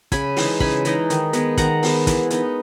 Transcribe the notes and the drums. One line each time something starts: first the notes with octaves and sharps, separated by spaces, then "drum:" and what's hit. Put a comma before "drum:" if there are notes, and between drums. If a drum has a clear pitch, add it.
C#3 G#5 B5, drum: kick, hi-hat
E3 G#3 D#4, drum: open hi-hat
C#3 G#5 B5, drum: kick
E3 G#3 D#4, drum: hi-hat
D#3, drum: hi-hat
G#3 B3, drum: hi-hat
D#3 F#5 A#5, drum: kick, hi-hat
G#3 B3, drum: open hi-hat
E3, drum: kick, hi-hat
B3 D#4, drum: hi-hat